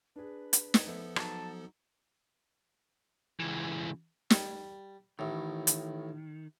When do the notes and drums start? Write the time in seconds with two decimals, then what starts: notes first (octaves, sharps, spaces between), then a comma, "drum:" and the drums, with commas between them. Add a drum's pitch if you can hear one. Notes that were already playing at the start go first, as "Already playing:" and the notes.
0.16 D4 G#4 B4
0.53 drum: hi-hat
0.74 drum: snare
0.87 F3 B3 A4 E5
1.16 F#3 D#4 A5 A#5, drum: rim click
3.40 C#2 E3
4.30 G3, drum: snare
5.19 A1 A2 D#3
5.67 drum: hi-hat